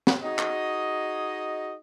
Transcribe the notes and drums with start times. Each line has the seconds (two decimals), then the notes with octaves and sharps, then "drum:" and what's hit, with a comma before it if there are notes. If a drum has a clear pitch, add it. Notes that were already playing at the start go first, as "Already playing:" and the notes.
0.07 drum: snare
0.24 D#4 F#4 G#4 D#5
0.39 drum: clap